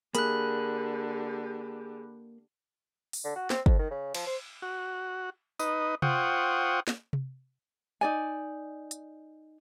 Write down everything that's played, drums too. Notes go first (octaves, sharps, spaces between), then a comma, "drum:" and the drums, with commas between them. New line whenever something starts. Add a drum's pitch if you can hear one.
D3 A#3 G4 G#4 B5 F#6, drum: hi-hat
drum: open hi-hat
D3
F#4
C4, drum: snare
F2, drum: kick
D#3
C#3
F3, drum: cymbal
C5
F#4
D#4 B4 D#5, drum: tambourine
F4 C5 F#5 G5 C#6 D#6, drum: tom C3
drum: snare
drum: tom C3
D#4 D5 G#5
drum: hi-hat